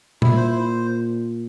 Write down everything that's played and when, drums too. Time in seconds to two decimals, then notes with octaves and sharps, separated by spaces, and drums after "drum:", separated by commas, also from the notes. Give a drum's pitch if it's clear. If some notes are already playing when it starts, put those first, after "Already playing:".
0.22 A#2 E4, drum: tom
0.37 C5
0.51 C5